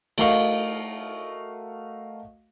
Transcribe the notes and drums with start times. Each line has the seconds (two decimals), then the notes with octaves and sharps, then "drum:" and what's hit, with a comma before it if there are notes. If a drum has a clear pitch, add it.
0.18 A3 F#4 A#4 D#5 F5 C#6, drum: cymbal